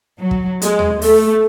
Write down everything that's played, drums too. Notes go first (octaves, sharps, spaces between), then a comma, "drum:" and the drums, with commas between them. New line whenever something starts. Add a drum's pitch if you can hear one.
F#3
drum: kick
G#3, drum: hi-hat
drum: tom D#2
A3, drum: open hi-hat